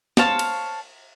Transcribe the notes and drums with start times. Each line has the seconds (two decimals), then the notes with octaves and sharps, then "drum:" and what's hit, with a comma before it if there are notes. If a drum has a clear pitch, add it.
0.17 C5 C#5 F5 A5, drum: snare
0.39 drum: cymbal